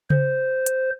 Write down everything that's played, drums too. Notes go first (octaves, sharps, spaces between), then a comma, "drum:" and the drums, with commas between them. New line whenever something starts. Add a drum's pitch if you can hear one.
C5, drum: tom C#3
drum: hi-hat